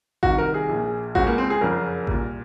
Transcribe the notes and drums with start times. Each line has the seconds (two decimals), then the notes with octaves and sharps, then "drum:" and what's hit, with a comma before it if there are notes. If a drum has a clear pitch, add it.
0.23 C2 C3 D#3 F#4, drum: kick A1
0.38 A#4
0.54 G#4
0.69 A#1 A#2
1.15 C#2 C#3 F#4, drum: kick A1
1.27 A#3
1.38 C4
1.50 G#4
1.61 F#1 F2 C#3 A#4
2.07 C2 A#2, drum: kick A1